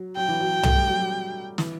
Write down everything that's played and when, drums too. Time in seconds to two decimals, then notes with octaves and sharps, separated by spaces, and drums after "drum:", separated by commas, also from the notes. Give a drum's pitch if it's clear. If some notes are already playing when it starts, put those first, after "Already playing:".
Already playing: F#3
0.16 F#3 G5
0.29 E3
0.40 F#3
0.63 A3, drum: tom
0.76 G3
0.87 F#3
0.99 G3
1.58 E3, drum: snare